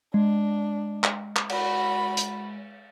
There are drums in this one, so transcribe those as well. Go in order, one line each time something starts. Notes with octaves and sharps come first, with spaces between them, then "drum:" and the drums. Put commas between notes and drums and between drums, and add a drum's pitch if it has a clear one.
G#3 D4
drum: clap
drum: clap
F#4 B5, drum: cymbal
drum: hi-hat